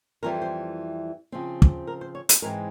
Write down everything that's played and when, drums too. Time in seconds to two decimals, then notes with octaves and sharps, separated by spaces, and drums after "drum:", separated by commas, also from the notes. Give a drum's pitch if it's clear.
0.23 F2 E3 G3 C4 A#4
0.42 C5
1.32 C#3 F3 C4
1.62 drum: kick
1.87 A#4
2.01 C5
2.15 C#5
2.29 C5, drum: hi-hat
2.42 G#2 E3 G#3 C4 A#4